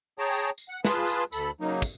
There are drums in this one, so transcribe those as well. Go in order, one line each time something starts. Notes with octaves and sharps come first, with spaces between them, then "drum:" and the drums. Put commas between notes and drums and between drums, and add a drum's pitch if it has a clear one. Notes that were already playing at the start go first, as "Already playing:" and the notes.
G#4 C#5 G5 A5 A#5
drum: tambourine
drum: tambourine
F#5
F4 G#4 B4 A5 C6, drum: snare
drum: tambourine
D2 A4 B5, drum: tambourine
C#3 F#3 A#3 D#4
drum: kick, tambourine